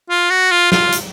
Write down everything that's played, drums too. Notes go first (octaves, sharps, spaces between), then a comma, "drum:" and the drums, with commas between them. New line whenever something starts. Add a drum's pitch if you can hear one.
F4
F#4
F4
F4, drum: snare
drum: hi-hat